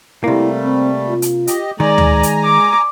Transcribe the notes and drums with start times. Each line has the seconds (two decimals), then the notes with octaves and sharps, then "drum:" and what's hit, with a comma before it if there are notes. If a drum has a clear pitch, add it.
0.24 C3 G3 A3 A#3 E4
0.64 C4
1.08 F4
1.22 drum: hi-hat
1.47 G4 D#5, drum: hi-hat
1.80 D#3 G#3 D5 G#5 A#5
1.98 drum: tom
2.23 drum: hi-hat
2.44 D6